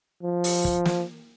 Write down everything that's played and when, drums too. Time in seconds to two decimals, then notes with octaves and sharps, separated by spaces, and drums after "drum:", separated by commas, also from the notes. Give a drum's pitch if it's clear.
0.23 F3
0.44 drum: open hi-hat
0.65 drum: kick
0.85 drum: snare